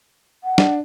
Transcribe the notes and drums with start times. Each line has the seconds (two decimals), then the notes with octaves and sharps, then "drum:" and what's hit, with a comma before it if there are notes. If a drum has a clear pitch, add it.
0.44 F#5
0.58 D4, drum: snare